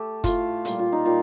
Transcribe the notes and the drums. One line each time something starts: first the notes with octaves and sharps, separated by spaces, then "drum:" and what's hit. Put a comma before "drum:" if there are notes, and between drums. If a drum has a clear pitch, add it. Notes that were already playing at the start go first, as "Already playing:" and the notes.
Already playing: A3 G4 A4
A2 A3 F4, drum: kick, hi-hat
A#2 G3 A#3 F4, drum: hi-hat
F4
D#4
A#2 G3 F4